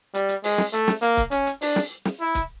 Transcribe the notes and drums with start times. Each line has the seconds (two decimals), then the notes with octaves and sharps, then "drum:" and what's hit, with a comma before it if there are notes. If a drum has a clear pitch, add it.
0.14 G3, drum: hi-hat
0.29 drum: hi-hat
0.44 G#3, drum: open hi-hat
0.58 drum: snare
0.73 A3, drum: hi-hat
0.88 drum: snare
1.02 A#3, drum: hi-hat
1.17 drum: kick C#1, hi-hat
1.31 C#4, drum: hi-hat
1.46 drum: hi-hat
1.61 D4, drum: open hi-hat
1.76 drum: snare
2.05 drum: snare
2.21 E4
2.35 drum: kick C#1, hi-hat